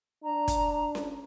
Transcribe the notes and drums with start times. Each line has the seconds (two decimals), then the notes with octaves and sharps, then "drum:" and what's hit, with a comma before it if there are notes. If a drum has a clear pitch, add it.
0.24 D4 A#5
0.48 drum: kick, hi-hat
0.95 drum: snare C#4